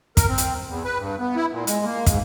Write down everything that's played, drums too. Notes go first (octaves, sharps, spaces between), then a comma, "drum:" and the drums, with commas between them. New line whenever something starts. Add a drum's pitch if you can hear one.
A#4, drum: kick, hi-hat
C4
drum: hi-hat
E2
B4
G2
B3
E4
A#2
G#3, drum: hi-hat
A#3
G#2, drum: kick, hi-hat